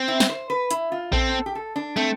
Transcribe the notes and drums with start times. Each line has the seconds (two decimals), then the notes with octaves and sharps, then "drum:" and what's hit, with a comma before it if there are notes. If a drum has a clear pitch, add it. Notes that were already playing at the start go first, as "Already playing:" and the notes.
Already playing: C4
0.08 E4
0.20 drum: snare
0.29 C5
0.50 B4
0.71 E4, drum: hi-hat
0.92 F4
1.13 C4 A4, drum: kick A#1
1.46 G4
1.55 A4
1.76 D4
1.96 A3 C4